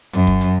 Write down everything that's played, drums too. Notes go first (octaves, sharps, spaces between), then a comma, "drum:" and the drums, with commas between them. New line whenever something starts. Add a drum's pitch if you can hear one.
F#2, drum: hi-hat
drum: kick
drum: hi-hat